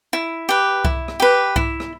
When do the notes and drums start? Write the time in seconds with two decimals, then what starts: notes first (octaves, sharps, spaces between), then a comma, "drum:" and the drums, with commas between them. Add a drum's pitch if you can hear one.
0.13 E4
0.49 G4 B4
0.85 E4, drum: kick C2
1.08 drum: rim click
1.20 G4 B4
1.56 E4, drum: kick C2
1.80 drum: rim click